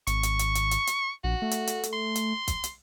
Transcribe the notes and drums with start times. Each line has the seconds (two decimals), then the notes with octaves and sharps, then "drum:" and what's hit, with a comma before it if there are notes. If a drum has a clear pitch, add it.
0.07 G#1 C#6, drum: hi-hat
0.23 drum: hi-hat
0.39 drum: hi-hat
0.55 drum: hi-hat
0.71 drum: hi-hat
0.87 drum: hi-hat
1.24 A#1 F#4
1.42 A3
1.51 drum: hi-hat
1.67 drum: hi-hat
1.83 drum: hi-hat
1.93 C6
2.15 drum: hi-hat
2.48 drum: kick, hi-hat
2.64 drum: hi-hat